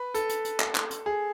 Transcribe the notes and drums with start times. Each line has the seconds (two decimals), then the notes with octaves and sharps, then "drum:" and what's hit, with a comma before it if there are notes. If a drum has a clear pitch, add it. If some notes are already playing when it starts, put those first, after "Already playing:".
Already playing: B4
0.14 A4, drum: hi-hat
0.29 drum: hi-hat
0.45 drum: hi-hat
0.60 drum: clap
0.75 drum: clap
0.91 drum: hi-hat
1.06 G#4